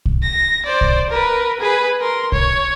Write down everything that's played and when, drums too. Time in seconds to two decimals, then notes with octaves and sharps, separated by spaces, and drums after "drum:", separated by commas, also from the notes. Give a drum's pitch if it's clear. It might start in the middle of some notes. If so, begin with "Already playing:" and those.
0.05 drum: kick
0.22 A#6
0.65 C5 D5
0.81 drum: kick
1.10 A#4 B4
1.60 G#4 B4
2.00 A#4 C6
2.32 C#5, drum: kick